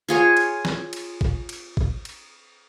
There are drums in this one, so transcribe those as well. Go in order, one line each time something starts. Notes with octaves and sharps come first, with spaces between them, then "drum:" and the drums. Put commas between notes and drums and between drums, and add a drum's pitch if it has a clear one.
F4 G#4 C#5
drum: cymbal
drum: snare
drum: cymbal
drum: kick
drum: cymbal
drum: kick
drum: cymbal